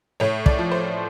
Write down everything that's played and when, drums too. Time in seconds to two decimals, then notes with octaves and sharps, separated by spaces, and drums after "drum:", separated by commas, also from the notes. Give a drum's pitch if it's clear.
0.20 A2 C#5
0.46 D5, drum: kick
0.59 F3
0.71 C5